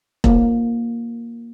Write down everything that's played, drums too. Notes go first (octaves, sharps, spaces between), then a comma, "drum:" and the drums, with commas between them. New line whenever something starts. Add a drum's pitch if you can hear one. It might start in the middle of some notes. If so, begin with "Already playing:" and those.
A#3, drum: kick E1